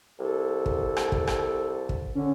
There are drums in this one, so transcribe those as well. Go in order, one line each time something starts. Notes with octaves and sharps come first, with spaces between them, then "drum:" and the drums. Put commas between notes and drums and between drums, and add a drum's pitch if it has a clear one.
C2 A4
drum: kick
drum: rim click
drum: kick
drum: rim click
drum: kick
D3 C#4